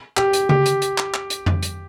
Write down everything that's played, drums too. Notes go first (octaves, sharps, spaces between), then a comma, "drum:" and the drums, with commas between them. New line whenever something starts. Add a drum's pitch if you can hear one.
G4, drum: clap
drum: hi-hat
G4, drum: tom C#3
drum: hi-hat
drum: hi-hat
drum: clap
drum: clap
drum: hi-hat
drum: tom F2
drum: hi-hat